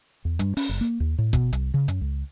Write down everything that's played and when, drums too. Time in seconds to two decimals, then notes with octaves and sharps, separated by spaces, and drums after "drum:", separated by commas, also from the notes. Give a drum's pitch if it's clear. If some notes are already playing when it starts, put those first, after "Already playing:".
0.25 E2
0.39 G2, drum: hi-hat
0.57 C#4, drum: open hi-hat
0.69 F#1
0.81 A#3
1.00 D#2
1.18 A2
1.33 B2, drum: kick, hi-hat
1.53 C2, drum: hi-hat
1.74 C#3
1.88 F#2, drum: hi-hat
2.01 C#2